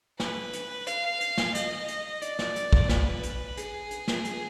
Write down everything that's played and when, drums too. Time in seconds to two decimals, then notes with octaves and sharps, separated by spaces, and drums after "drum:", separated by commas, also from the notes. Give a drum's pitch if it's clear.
0.20 B4, drum: snare
0.53 drum: hi-hat
0.87 F5, drum: hi-hat
1.21 drum: hi-hat
1.38 drum: snare
1.55 D#5, drum: hi-hat
1.88 drum: hi-hat
2.22 D5, drum: hi-hat
2.39 drum: snare
2.56 drum: hi-hat
2.73 drum: kick
2.89 B4, drum: snare
3.23 drum: hi-hat
3.57 G#4, drum: hi-hat
3.91 drum: hi-hat
4.08 drum: snare
4.24 drum: hi-hat